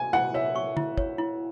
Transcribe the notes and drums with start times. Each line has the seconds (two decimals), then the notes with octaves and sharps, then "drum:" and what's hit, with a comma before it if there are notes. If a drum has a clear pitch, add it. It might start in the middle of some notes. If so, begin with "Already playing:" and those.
Already playing: G#5
0.13 E4 F#5
0.34 C#5 E5
0.56 C#6
0.77 E4, drum: tom
0.98 C#5, drum: kick
1.18 E4